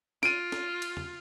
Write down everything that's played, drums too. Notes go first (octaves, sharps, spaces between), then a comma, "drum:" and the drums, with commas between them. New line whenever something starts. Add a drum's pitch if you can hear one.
F4 D7 D#7, drum: snare
drum: snare
drum: cymbal
drum: tom